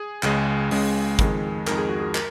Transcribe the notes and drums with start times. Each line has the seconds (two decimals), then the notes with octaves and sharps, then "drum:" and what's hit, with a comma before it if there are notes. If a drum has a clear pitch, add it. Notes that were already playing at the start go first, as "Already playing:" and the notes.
Already playing: G#4
0.23 C#2 C#3 G#3, drum: clap
0.71 C#2 C#3 G#3, drum: open hi-hat
1.19 F2 D#3 G#3, drum: kick, hi-hat
1.67 F2 D#3 G#3 A#4, drum: clap
1.78 G#4
1.89 F#4
2.00 G#4
2.15 A#4, drum: clap